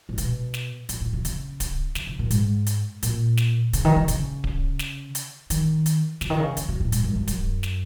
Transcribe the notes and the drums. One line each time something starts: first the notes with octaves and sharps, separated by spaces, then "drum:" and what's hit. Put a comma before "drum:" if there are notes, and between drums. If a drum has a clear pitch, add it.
A#2
B2, drum: hi-hat
drum: snare
A#2, drum: hi-hat
A#2
C#3
C#3, drum: hi-hat
drum: kick D1, hi-hat
C#3, drum: snare
C#3
A#2
G#2, drum: hi-hat
drum: hi-hat
A#2, drum: hi-hat
drum: snare
C#3, drum: hi-hat
D#3
C#3
C#3, drum: hi-hat
drum: kick D1
drum: snare
drum: hi-hat
D#3, drum: hi-hat
drum: hi-hat
C#3, drum: snare
D#3
C#3
C#3, drum: hi-hat
B2
A#2
G#2, drum: hi-hat
F#2
F#2
F#2, drum: kick D1, hi-hat
drum: snare